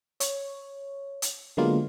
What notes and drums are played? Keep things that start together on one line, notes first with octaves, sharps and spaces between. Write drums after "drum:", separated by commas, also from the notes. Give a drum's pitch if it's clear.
C#5, drum: hi-hat
drum: hi-hat
D3 F#3 G#3 A#3 B3 F4